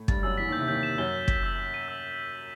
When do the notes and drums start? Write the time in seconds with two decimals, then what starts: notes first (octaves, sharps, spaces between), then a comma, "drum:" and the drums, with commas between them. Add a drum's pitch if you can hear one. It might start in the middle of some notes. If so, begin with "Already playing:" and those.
Already playing: A2 A3
0.08 G2 G3 A6, drum: kick
0.22 F#2 F#3 E6
0.38 E2 E3 B6
0.48 D#2 D#3 G6
0.58 C3
0.67 D#2 D#3 G6
0.83 E7
0.98 F#2 F#3 G7
1.13 G7
1.28 B6, drum: kick
1.43 E6
1.58 E6
1.74 D#7
1.88 E6